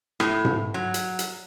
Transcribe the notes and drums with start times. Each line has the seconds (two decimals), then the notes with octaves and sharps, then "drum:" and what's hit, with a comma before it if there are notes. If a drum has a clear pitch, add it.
0.20 A2, drum: rim click
0.45 drum: tom G#2
0.74 F#3
0.94 drum: hi-hat
1.19 drum: hi-hat